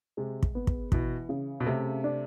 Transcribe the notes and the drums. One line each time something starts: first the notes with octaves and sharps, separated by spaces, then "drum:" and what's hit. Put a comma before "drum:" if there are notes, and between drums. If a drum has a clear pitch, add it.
C3 G#3
drum: kick
B3
drum: kick
B2 E3, drum: kick
C#3
B2
C3 A3
D4